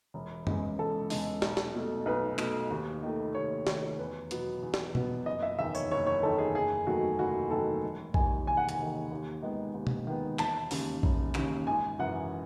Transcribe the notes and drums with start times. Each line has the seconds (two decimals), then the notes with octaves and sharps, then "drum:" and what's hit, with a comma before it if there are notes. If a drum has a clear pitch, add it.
0.14 E1
0.47 E2 C#3 G#3, drum: tom F#2
0.78 E1 A4
1.10 E2 C#3 G#3, drum: open hi-hat
1.42 B1, drum: snare
1.57 drum: snare
1.75 B2 A3
2.06 B1 B4
2.38 B2 A3, drum: clap
2.70 D#2
3.02 D#3 A3
3.35 D#2 C#5
3.67 D#3 A3 C#5, drum: snare
3.99 E2 B4
4.31 B2 F#3 B3, drum: hi-hat
4.63 E2
4.74 drum: snare
4.95 B2 F#3 B3, drum: tom B2
5.26 F#1 D#5
5.42 E5
5.59 E2 D#3 E5
5.75 C#5, drum: tambourine
5.91 F#1 C#5
6.07 C#5
6.22 E2 D#3 A4
6.39 G#4
6.54 F#1 G#4
6.87 E2 D#3 F#3 A3 F#4
7.19 F#1 F#4
7.50 E2 D#3 F#3 A3 A4
7.83 E1
8.14 D#2 D#3 G#5, drum: kick A#1
8.46 E1 G#5
8.57 F#5
8.69 G#5, drum: hi-hat
8.79 D#2 D#3
9.11 D#2
9.42 D#3 G#3 B3
9.74 D#2
9.87 drum: tom B2
10.07 D#3 G#3 B3
10.39 E1 A5, drum: clap
10.71 D#2 C#3, drum: open hi-hat
11.03 E1, drum: kick A#1
11.35 D#2 C#3, drum: clap
11.67 G#1 G#5
11.99 F#2 E3 F#5